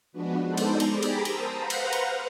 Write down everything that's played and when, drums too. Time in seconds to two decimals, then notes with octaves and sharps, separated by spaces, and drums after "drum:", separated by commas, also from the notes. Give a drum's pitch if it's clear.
0.12 F3 G#3 B3 D4 F#4 B4
0.44 G#3 B3 D#4 A4 C5 D5
0.57 drum: cymbal
0.80 drum: cymbal
0.92 G4 G#4 A#5 B5 D6
1.03 drum: cymbal
1.25 A#4 C5 A5 D#6 E6, drum: cymbal
1.56 B4 C5 F5 F#5 A#5
1.70 drum: cymbal
1.93 drum: cymbal